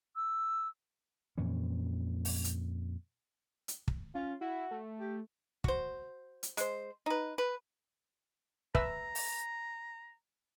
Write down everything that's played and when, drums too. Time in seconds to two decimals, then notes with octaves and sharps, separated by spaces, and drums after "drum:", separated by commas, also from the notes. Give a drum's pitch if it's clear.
0.16 E6
1.38 F2 A#2 E3 C#4
2.25 drum: open hi-hat
2.44 drum: hi-hat
3.68 drum: hi-hat
3.88 drum: kick
4.15 C#4 F4
4.41 E4 F#4
4.71 A3
5.00 G4
5.64 F#4 C5, drum: kick
6.43 drum: hi-hat
6.57 G#3 C5, drum: hi-hat
7.06 D#4 B4
7.38 B4
8.75 B4 E5 A#5 E6, drum: kick
9.15 drum: open hi-hat